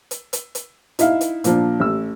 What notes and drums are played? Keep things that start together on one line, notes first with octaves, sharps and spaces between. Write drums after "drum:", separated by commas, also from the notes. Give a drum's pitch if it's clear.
drum: hi-hat
drum: hi-hat
drum: hi-hat
D#4 E4 E5 F5, drum: hi-hat
drum: hi-hat
A#2 F3 D4, drum: hi-hat
A1 E6